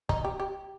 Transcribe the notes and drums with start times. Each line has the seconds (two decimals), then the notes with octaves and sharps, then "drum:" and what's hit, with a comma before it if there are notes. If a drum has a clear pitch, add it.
0.09 D#4, drum: kick
0.25 G4
0.40 G4